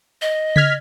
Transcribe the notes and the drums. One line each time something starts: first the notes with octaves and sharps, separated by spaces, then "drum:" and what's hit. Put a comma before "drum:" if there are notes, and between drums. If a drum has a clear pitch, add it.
D#5
F6 G#6 B6, drum: tom C#3